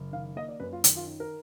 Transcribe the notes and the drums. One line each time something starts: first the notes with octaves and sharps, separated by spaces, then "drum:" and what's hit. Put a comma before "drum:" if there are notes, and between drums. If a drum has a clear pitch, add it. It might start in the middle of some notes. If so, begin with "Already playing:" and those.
Already playing: F#1
D#3 F5
A#3 D#5
D5
F#2 B4
F4
D#3, drum: hi-hat
F4
D#4
A#4